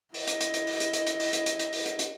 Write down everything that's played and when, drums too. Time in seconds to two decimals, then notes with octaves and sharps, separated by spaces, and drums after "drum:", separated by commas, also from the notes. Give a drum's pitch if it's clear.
0.14 E4 D#5, drum: open hi-hat
0.27 drum: hi-hat
0.41 drum: hi-hat
0.54 drum: hi-hat
0.67 drum: open hi-hat
0.80 drum: hi-hat
0.93 drum: hi-hat
1.07 drum: hi-hat
1.20 drum: open hi-hat
1.33 drum: hi-hat
1.46 drum: hi-hat
1.59 drum: hi-hat
1.73 drum: open hi-hat
1.86 drum: hi-hat
1.99 drum: hi-hat